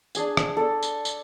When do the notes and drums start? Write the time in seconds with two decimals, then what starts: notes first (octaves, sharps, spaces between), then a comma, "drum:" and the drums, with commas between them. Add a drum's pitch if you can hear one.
0.15 D4 G#4 G#5, drum: tambourine
0.37 drum: rim click
0.57 A4 D5
0.83 drum: tambourine
1.05 drum: tambourine